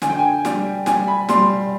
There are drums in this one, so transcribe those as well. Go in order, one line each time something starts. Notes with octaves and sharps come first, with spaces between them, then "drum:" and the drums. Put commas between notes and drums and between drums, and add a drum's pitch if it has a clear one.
D3 G#5, drum: snare
G5
G#5
G3, drum: snare
G3 G#5, drum: snare
B5
G3 C6, drum: snare